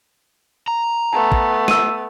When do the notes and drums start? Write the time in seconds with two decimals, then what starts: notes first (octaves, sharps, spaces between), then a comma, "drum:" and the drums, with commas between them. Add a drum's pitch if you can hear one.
0.68 A#5
1.13 A3 B3 A5
1.32 drum: kick
1.68 E6 D#7, drum: snare